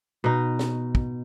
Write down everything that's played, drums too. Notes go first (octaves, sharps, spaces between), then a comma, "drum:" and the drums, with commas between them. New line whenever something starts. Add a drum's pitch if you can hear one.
B2 D#4
drum: snare
drum: kick